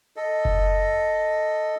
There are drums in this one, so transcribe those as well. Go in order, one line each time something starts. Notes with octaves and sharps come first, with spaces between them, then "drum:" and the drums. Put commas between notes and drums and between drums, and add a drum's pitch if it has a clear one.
A4 D#5
drum: kick F#1